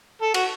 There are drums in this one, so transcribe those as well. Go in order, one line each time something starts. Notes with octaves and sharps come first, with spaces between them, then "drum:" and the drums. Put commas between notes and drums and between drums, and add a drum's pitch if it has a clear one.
A4
F#4, drum: cymbal